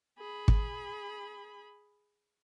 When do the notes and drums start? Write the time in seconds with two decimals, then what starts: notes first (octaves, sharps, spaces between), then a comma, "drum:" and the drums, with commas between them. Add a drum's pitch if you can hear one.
0.19 G#4 B5
0.48 drum: kick